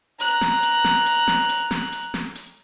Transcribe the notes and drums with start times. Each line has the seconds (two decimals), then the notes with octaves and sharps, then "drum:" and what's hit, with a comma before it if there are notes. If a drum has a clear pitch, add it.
0.20 A#5 F#6, drum: hi-hat
0.41 drum: snare
0.63 drum: hi-hat
0.84 drum: snare
1.06 drum: hi-hat
1.28 drum: snare
1.49 drum: hi-hat
1.71 drum: snare
1.92 drum: hi-hat
2.14 drum: snare
2.35 drum: hi-hat